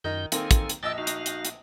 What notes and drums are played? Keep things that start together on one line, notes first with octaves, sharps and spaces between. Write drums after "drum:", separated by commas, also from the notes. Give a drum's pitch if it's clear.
F#2 D#3 D#4 G6
D#3 A#3 C4 A4 G#5, drum: hi-hat
drum: kick, hi-hat
drum: hi-hat
A#1 D#5 G5 E6 A6
D#4 F#4 F5
drum: hi-hat
drum: hi-hat
drum: hi-hat